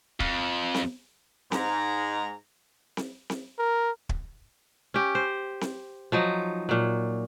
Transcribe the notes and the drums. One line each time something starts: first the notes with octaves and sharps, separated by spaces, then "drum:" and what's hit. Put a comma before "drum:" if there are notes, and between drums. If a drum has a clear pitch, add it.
F2, drum: kick
drum: snare C4
G#2 A#5, drum: snare C4
drum: snare C4
drum: snare C4
A#4
drum: kick
C#4 G4
C5
drum: snare C4
F3 F#3 D#4
A#2 F#3